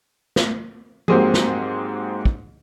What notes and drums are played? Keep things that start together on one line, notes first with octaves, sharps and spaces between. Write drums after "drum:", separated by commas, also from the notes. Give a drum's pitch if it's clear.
drum: snare
G#2 F#3 A#3 C4 G4 G#4, drum: tom F3
drum: snare
drum: kick